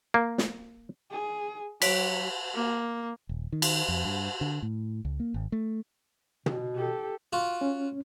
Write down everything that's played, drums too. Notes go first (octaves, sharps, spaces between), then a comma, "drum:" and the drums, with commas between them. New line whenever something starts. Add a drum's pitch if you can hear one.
A#3
drum: snare
G#4
F#3 C#5 B6, drum: cymbal
A#3
D#1
D#3
drum: cymbal
F2
G2
D3
A2
C#2
A#3
G#1
A3
B2, drum: tom
G4 A4
F4 F#4
C#4